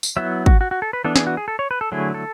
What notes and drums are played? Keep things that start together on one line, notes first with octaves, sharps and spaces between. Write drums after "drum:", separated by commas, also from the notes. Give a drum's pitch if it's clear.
drum: tambourine
F#3 B3 E4 E5
F#4, drum: kick
F#4
F#4
A4
B4
E3 B3 D4 A4
G#4, drum: snare
F#4
G#4
A4
C#5
B4
A4
D3 F#3 A3 E4 G#4
A4